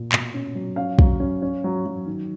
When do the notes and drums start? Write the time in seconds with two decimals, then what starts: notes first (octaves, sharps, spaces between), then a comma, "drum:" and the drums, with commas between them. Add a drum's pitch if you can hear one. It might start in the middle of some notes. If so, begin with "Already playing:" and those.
Already playing: A#2
0.12 B2, drum: clap
0.34 C#4
0.55 F#3
0.76 C#4 F5
0.99 F#3, drum: kick
1.20 C#4
1.42 C#4
1.64 F#3
1.86 F#3
2.06 D#3